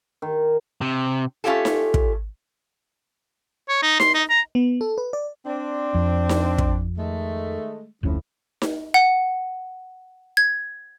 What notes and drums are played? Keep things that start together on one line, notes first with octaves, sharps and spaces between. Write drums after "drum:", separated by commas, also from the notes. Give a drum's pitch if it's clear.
D#3
C3
A3 C#4 F4 G4 A4
drum: snare D#4
drum: kick
C#5
D#4
C6, drum: snare D#4
D#4
A#5
B3
A4
B4
D5
C4 D4
F2
drum: snare D#4
drum: kick
D#3 G#3 A3
F1 D2 A2 F3 C#4
drum: snare D#4
F#5
G#6